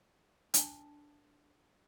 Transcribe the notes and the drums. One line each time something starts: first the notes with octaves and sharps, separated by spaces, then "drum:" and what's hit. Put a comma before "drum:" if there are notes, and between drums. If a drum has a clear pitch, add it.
D4 A5, drum: hi-hat